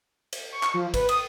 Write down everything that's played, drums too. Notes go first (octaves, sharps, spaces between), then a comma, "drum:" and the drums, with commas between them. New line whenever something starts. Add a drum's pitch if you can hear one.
drum: cymbal
C#6
drum: clap
F3
B4, drum: kick G#1, cymbal
D#6, drum: cymbal